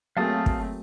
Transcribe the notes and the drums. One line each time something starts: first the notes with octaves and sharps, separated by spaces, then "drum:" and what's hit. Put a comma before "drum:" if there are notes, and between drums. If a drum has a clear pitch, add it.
F#3 A3 A#3 C4 G#4 F5 A5 D#6
drum: kick